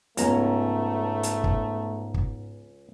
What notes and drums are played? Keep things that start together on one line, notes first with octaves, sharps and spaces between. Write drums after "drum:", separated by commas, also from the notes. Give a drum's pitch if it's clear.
C#2 G#2 A3 B3 C#4 A#5, drum: hi-hat
drum: hi-hat
drum: kick
drum: kick